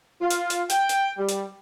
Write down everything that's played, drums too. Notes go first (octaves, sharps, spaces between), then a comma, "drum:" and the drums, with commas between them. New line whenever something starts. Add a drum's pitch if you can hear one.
F4
drum: hi-hat
drum: hi-hat
G5, drum: hi-hat
drum: hi-hat
G3
drum: hi-hat